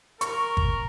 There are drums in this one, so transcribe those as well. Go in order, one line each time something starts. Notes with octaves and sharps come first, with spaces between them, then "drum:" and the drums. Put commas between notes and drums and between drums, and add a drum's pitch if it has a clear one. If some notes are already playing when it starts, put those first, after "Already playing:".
A#4 C#6, drum: hi-hat
drum: kick